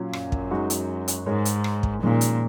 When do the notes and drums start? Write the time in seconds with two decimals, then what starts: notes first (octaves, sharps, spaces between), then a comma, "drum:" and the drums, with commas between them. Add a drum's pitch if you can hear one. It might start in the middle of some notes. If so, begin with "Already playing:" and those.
Already playing: A#2 F#3 C#4 F4
0.13 F#2, drum: rim click
0.32 drum: kick
0.51 G#3 D#4 F#4
0.70 drum: hi-hat
1.08 drum: hi-hat
1.26 G#2 G#3 D#4 A#4 C#5
1.45 drum: hi-hat
1.64 drum: rim click
1.83 drum: kick
2.02 F2 A#2 D#3 G#3 C#4 F4
2.21 drum: hi-hat